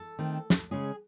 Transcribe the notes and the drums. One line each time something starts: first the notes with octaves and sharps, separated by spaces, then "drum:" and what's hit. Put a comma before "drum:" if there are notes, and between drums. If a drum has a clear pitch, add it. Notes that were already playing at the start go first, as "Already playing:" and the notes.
Already playing: A4
D#3 A3 C4
drum: snare
C#3 G#3 C#4 G#4